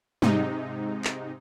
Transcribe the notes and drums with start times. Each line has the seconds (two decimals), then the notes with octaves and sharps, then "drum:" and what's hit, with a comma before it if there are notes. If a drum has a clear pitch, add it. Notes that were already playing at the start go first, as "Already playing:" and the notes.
0.22 G#2 C3 D#4, drum: tom
1.05 drum: clap